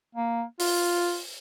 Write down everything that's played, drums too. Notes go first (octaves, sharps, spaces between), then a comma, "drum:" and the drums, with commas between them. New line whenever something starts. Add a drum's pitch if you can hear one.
A#3
F4, drum: open hi-hat